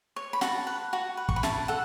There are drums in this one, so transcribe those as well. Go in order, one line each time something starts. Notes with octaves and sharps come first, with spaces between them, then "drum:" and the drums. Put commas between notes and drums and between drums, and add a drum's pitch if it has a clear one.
C#5
B5
F#4 A5, drum: snare
B4
F#4
B4
C#6, drum: kick
B5
E4 A5, drum: snare
A4 F#5